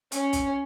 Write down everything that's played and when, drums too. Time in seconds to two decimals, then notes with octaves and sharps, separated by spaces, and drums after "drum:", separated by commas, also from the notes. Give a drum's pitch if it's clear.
0.12 C#4, drum: hi-hat
0.33 drum: kick, hi-hat